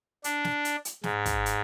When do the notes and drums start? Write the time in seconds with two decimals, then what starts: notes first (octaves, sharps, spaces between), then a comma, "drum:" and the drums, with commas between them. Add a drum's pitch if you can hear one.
0.24 D4, drum: hi-hat
0.44 drum: snare
0.65 drum: hi-hat
0.85 drum: hi-hat
1.04 G#2, drum: snare
1.26 drum: kick, hi-hat
1.46 drum: hi-hat